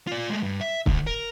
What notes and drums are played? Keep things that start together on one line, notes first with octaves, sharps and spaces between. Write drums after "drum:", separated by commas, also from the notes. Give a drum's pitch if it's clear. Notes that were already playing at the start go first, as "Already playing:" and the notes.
F4 D5
G#3 A3
G2
E5
D2, drum: kick
A#4